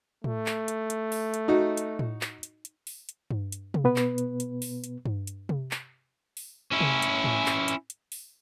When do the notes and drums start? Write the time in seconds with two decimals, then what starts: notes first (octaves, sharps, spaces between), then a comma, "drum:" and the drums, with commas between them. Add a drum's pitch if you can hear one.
0.24 A3, drum: tom A2
0.46 drum: clap
0.68 drum: hi-hat
0.90 drum: hi-hat
1.12 drum: open hi-hat
1.34 drum: hi-hat
1.48 D#4 F#4
1.77 drum: hi-hat
1.99 drum: tom A2
2.21 drum: clap
2.43 drum: hi-hat
2.65 drum: hi-hat
2.87 drum: open hi-hat
3.09 drum: hi-hat
3.31 drum: tom G2
3.52 drum: hi-hat
3.74 drum: tom C3
3.84 B2 B3 B4
3.96 drum: clap
4.18 drum: hi-hat
4.40 drum: hi-hat
4.62 drum: open hi-hat
4.84 drum: hi-hat
5.06 drum: tom G2
5.27 drum: hi-hat
5.49 drum: tom C3
5.71 drum: clap
6.37 drum: open hi-hat
6.71 C#4 E4
6.80 drum: tom C3
7.02 drum: hi-hat
7.24 drum: tom A2
7.46 drum: clap
7.68 drum: hi-hat
7.90 drum: hi-hat
8.12 drum: open hi-hat